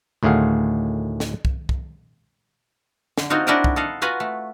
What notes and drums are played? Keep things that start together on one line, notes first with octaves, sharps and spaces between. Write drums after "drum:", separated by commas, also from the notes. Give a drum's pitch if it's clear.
D2 A2 D#3 G#4 F5 F#5
drum: snare
drum: kick
drum: kick
D3, drum: snare
C4 D#4 F4 F#4
D4 E4 F#4 A#4 D5 D#5
drum: kick
A4 D#5 F5 F#5
F4 F#4 B4 G#5 A#5 B5
A3